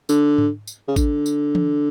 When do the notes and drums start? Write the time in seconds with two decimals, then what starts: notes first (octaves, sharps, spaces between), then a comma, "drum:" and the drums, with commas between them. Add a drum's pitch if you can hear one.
0.09 D3, drum: tambourine
0.38 drum: tom G#2
0.67 drum: tambourine
0.88 C#3
0.96 D3, drum: kick A1, tambourine
1.26 drum: tambourine
1.55 drum: tom E3